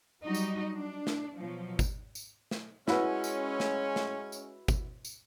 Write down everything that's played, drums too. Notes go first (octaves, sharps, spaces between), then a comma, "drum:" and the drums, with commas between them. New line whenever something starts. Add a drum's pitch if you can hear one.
F#3 G3 D#4 F#4 D#5
drum: tambourine
D4
drum: snare
B2 F3 F#3
drum: kick, tambourine
drum: tambourine
drum: snare
G#3 C#4 E4 F#4 B4, drum: snare
drum: tambourine
drum: snare
drum: snare
drum: tambourine
drum: kick, tambourine
drum: tambourine